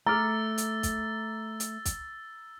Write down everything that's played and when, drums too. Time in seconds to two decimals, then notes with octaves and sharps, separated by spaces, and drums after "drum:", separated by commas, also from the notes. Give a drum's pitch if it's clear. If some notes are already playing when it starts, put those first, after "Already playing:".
0.06 A3 A#5 D6 E6 F6 A6
0.58 drum: hi-hat
0.83 drum: kick, hi-hat
1.60 drum: hi-hat
1.85 drum: kick, hi-hat